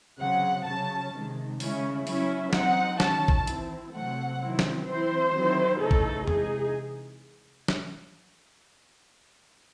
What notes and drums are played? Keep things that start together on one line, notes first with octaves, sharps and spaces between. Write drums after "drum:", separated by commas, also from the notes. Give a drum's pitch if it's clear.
C#3 F#3 C4 F#5
C#3 F#3 C#4 A5
C3 D#3 G#3
C#3 G#3 C#4 E4, drum: open hi-hat
F#3 C#4 E4, drum: open hi-hat
F#3 C4 D#4 F#5, drum: snare
D#3 F#3 C#4 A5, drum: snare
drum: kick A1
E3 C4 E4, drum: hi-hat
C3 F#3 A3 C4 F#5
D#3 F#3 C4 E4
drum: snare
E3 C4 E4 C5
D#3 F#3 C4 E4
C#3 E3 A3 D#4 A4
drum: kick A1
C3 E3 G#3 D#4 G#4, drum: tom E2
drum: snare